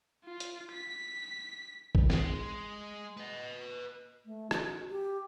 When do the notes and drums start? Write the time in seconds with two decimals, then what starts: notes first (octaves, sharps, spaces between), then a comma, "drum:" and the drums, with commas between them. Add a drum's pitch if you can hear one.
0.25 F4
0.40 drum: hi-hat
0.72 B6
1.95 drum: kick A#1
2.10 G#3, drum: snare
3.17 B4 D#5
4.24 A3
4.51 F#4, drum: rim click
4.90 G4